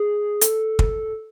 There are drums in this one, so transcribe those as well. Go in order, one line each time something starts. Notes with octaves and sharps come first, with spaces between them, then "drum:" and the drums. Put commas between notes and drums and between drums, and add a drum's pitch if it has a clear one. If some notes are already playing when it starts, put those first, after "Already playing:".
Already playing: G#4
A4, drum: hi-hat
drum: kick